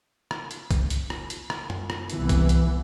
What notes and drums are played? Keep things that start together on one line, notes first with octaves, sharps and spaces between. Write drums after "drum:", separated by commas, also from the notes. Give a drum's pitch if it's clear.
drum: rim click
drum: hi-hat
drum: kick, hi-hat
drum: hi-hat
drum: rim click
drum: hi-hat
drum: rim click
drum: tom
drum: rim click
C2 E3 B3, drum: hi-hat
drum: kick, hi-hat
drum: hi-hat